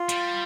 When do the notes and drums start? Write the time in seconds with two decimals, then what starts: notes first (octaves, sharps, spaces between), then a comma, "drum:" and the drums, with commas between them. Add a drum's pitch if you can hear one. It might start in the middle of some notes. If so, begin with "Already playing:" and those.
Already playing: F4
0.09 G3, drum: hi-hat